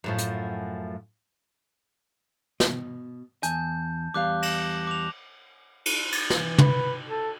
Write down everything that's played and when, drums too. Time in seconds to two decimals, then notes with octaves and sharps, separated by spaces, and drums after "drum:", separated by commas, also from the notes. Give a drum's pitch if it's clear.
0.04 F#2 A2 F3
0.18 drum: hi-hat
2.60 B2, drum: snare
3.43 E2 G#5 A5 G6, drum: hi-hat
4.14 E2 G3 F5 D6 F#6
4.43 A#6 E7 F#7, drum: cymbal
4.87 D6 F7
5.86 drum: cymbal
6.12 drum: cymbal
6.30 E3, drum: snare
6.58 B4, drum: tom
7.08 A4